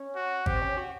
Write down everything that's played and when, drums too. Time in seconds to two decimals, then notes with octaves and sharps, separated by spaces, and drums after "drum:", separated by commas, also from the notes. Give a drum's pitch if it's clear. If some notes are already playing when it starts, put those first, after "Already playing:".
Already playing: C#4
0.16 F#4
0.46 C4 G4, drum: kick G#1
0.62 C#4
0.77 F#4